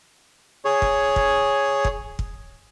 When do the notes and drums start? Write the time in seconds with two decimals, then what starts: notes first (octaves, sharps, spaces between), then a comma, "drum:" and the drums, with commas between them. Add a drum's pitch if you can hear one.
0.65 G#4 C#5
0.82 drum: kick
1.16 drum: kick
1.85 drum: kick
2.19 drum: kick